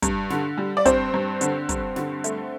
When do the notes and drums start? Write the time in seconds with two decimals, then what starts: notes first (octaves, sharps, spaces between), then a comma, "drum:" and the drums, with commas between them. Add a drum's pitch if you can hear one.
0.02 G2, drum: kick, hi-hat
0.30 D3, drum: snare
0.57 G3
0.77 D5
0.86 G2 C4 C5, drum: kick, hi-hat
1.14 G2
1.41 D3, drum: hi-hat
1.69 G2, drum: kick, hi-hat
1.96 D3, drum: snare
2.24 A3, drum: hi-hat